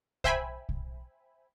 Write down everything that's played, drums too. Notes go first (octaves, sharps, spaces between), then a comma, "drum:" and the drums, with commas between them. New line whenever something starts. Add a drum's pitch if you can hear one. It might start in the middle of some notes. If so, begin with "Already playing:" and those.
C5 E5 G5 G#5 B5, drum: kick B1
drum: kick B1